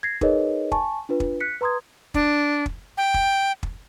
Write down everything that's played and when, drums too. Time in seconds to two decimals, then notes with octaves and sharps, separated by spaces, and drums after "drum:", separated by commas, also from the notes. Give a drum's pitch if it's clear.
0.03 G#6 A#6 C7
0.21 D#4 G#4 A#4 B4 C#5 D#5, drum: kick
0.72 G#5 A5 C#6, drum: kick
1.09 D4 F4 B4
1.20 drum: kick
1.40 F#6 B6 C#7
1.61 B4 A#5 C6 D#6 G#6
2.14 D4, drum: kick
2.66 drum: kick
2.98 G5
3.14 drum: kick
3.63 drum: kick